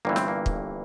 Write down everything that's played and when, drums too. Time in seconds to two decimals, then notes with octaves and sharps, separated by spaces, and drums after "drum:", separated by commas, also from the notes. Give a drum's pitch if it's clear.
0.05 G1 G2 E3 A#3
0.16 C4, drum: snare
0.28 A#3
0.46 drum: kick